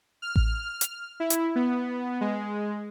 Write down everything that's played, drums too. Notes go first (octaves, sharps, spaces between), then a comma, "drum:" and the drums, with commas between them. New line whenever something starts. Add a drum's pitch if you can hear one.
F6
drum: kick A1
drum: hi-hat
E4
drum: hi-hat
B3
G#3